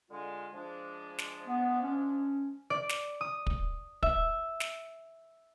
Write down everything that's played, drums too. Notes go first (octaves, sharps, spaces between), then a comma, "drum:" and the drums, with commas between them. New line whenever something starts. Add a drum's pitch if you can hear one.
D3 G#3 F4
F3 G#3 D4
drum: snare
B3
C#4
D5
drum: snare
D#6
drum: kick
E5, drum: kick
drum: snare